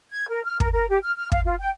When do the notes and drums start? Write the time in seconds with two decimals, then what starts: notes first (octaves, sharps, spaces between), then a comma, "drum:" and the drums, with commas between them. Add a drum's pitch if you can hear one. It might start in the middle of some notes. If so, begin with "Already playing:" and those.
0.11 G#6
0.29 A#4
0.45 F6
0.60 A#4, drum: kick
0.73 A#4
0.90 G4
1.03 F6
1.16 F6
1.32 F5, drum: kick
1.45 F4
1.60 G5